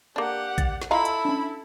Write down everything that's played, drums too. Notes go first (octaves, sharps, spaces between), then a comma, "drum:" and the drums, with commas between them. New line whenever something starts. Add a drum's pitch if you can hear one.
A#3 D4 G4 F#5
A6, drum: kick A#1, hi-hat
drum: snare
E4 F4 A4 D#5 F5 A#5 B5
drum: hi-hat
C#4 D4